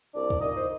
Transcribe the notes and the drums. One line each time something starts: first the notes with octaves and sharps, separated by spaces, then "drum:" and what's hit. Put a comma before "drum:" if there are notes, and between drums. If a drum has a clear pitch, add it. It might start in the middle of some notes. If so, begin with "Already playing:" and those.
C2 D4 D5
drum: kick
A#2 D#4 D#5
C5